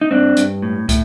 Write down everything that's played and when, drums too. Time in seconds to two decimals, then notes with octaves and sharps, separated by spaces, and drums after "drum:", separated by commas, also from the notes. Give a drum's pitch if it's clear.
0.01 D#4
0.11 G2 C4 D4
0.37 G2, drum: hi-hat
0.62 A2
0.89 A2, drum: kick, hi-hat